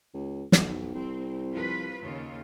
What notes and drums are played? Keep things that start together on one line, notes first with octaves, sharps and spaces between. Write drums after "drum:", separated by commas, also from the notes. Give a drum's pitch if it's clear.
C#2
B1 F2, drum: snare
C2 C4
F3 F4 B4
D#2 C#3 F4